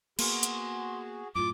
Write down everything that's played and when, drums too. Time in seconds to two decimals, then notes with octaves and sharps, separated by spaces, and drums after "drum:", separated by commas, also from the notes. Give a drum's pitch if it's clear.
0.19 A#3 B3 F#4 G#4 C6, drum: cymbal
0.43 drum: hi-hat
1.35 F#2 A2 F4 D6